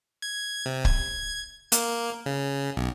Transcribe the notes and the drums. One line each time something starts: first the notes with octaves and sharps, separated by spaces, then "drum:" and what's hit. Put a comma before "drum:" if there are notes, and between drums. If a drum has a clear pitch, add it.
G#6
C3
G#6, drum: kick C#1
A#3, drum: hi-hat
C#3
B1